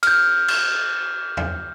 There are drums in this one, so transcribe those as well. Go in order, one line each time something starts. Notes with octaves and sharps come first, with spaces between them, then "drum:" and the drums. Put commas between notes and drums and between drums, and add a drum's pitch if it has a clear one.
F6 G6, drum: cymbal
drum: cymbal
drum: tom E2